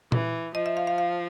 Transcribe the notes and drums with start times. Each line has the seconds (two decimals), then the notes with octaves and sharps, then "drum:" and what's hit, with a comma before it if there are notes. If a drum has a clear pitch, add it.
0.12 E3, drum: tom A#2
0.55 F3 D#5
0.66 E5
0.77 F5
0.87 F5
0.98 F5